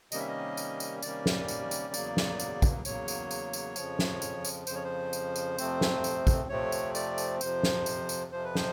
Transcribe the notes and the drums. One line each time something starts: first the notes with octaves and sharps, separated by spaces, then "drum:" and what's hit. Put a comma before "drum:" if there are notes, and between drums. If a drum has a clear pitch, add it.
C3 D#3 G3 A#3 C#4 D#5, drum: tambourine
E5
D#5
drum: tambourine
drum: tambourine
C3 D#3 G3 A#3 C#4 D5, drum: tambourine
drum: snare
drum: tambourine
drum: tambourine
E2 C#3 F#3 A#3, drum: tambourine
drum: snare
drum: tambourine
drum: kick, tambourine
E2 C#3 F#3 A#3 C#5, drum: tambourine
drum: tambourine
drum: tambourine
drum: tambourine
F2 C#3 F3, drum: tambourine
drum: snare
drum: tambourine
drum: tambourine
F2 C#3 F3 C5, drum: tambourine
C#5
C5
drum: tambourine
drum: tambourine
F2 C3 F3 A3 C4, drum: tambourine
drum: snare
drum: tambourine
drum: kick, tambourine
F2 C3 F3 A3 C4 C#5
drum: tambourine
D5, drum: tambourine
drum: tambourine
F2 C3 F3 C5, drum: tambourine
drum: snare
drum: tambourine
drum: tambourine
F2 C3 F3 C5
B4
C5, drum: snare